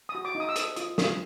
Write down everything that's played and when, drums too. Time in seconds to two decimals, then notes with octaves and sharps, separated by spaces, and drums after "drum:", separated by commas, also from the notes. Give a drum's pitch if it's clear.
0.09 D#6
0.15 F#4
0.25 D6
0.35 D#4
0.40 D#6
0.49 E6
0.56 A4 D#6, drum: hi-hat
0.76 F4 D#6, drum: hi-hat
0.98 F4 D#6, drum: snare